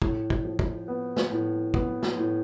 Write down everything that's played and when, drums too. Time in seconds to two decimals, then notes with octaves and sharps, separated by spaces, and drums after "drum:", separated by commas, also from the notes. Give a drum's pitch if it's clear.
0.02 A2, drum: kick
0.30 drum: kick
0.45 F3
0.59 drum: kick
0.88 B3
1.16 drum: snare
1.31 A2
1.74 B3, drum: kick
2.03 drum: snare
2.17 A2